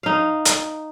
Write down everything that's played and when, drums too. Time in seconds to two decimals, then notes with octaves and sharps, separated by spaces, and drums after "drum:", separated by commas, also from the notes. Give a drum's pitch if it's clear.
0.03 D#4 F5
0.45 drum: hi-hat